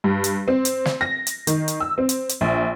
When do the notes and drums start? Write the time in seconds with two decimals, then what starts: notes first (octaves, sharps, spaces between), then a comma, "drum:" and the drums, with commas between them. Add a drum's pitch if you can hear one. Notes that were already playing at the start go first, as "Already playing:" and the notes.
0.04 G2
0.24 drum: hi-hat
0.48 C4
0.65 drum: hi-hat
0.85 drum: snare
1.01 A#6
1.27 drum: hi-hat
1.47 D#3, drum: hi-hat
1.68 drum: hi-hat
1.80 E6
1.98 C4
2.09 drum: hi-hat
2.29 drum: hi-hat
2.41 A#1